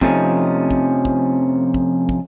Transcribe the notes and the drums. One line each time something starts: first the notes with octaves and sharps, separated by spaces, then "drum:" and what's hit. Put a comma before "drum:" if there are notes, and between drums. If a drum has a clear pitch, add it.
F2 C3 F3 A3 C#4 D#4, drum: kick
drum: kick
drum: kick
drum: kick
drum: kick